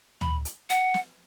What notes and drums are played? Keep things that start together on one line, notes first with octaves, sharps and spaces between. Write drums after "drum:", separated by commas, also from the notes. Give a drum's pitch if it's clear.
B5, drum: tom
drum: hi-hat
F#5, drum: hi-hat
drum: snare